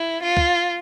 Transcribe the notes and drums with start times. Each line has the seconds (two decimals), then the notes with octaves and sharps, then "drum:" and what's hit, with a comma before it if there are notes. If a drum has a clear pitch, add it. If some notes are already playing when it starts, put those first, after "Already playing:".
Already playing: E4
0.22 F4
0.37 drum: kick